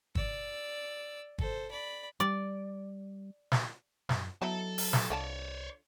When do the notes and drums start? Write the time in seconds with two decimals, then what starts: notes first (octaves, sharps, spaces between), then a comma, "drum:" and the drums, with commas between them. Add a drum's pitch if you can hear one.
0.15 D5 E6, drum: kick
1.38 A4 C5, drum: kick
1.71 D5 B5
2.20 G3 D5, drum: hi-hat
3.52 drum: snare
4.09 F#2, drum: snare
4.42 F#3 B3 D#4 E4 A4 A5
4.78 drum: open hi-hat
4.93 drum: snare
5.10 C2 D3 F4 C#5 D5 A5